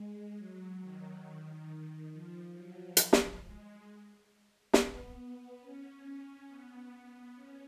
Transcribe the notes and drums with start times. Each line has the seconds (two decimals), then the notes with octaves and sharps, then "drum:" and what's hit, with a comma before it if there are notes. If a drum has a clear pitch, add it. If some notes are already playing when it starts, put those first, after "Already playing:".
Already playing: G#3
0.37 F#3
0.81 D#3
1.25 D#3
2.12 F3
2.55 F#3
2.97 drum: hi-hat
3.13 drum: snare
3.43 G#3
4.74 B3, drum: snare
5.61 C#4
6.48 B3
7.35 C#4